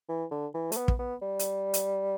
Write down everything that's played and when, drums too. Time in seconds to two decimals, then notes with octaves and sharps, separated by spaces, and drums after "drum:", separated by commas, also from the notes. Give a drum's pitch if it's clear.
0.09 E3
0.31 D3
0.55 E3
0.72 A3, drum: hi-hat
0.77 B3
0.88 drum: kick
0.99 B3
1.22 G3
1.39 drum: hi-hat
1.74 drum: hi-hat